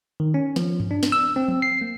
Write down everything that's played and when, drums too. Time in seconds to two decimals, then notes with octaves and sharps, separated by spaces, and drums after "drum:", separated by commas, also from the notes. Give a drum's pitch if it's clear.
0.20 D#3
0.34 C#4
0.56 F3, drum: snare
0.80 drum: tom G2
0.91 D4
1.03 drum: snare
1.12 E6
1.36 C4
1.48 drum: tom F3
1.62 C7
1.81 A#3